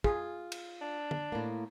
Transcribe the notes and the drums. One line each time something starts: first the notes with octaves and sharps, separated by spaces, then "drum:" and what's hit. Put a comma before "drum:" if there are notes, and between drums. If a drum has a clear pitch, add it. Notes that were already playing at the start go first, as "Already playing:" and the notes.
F4 G#4, drum: kick
drum: cymbal
D4
drum: tom
A2 A#3